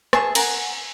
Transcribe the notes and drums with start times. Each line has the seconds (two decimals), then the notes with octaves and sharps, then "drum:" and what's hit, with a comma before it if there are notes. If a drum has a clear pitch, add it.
0.13 G#4 E5 A5 C#6, drum: rim click
0.35 A#4 F#5 G#5, drum: cymbal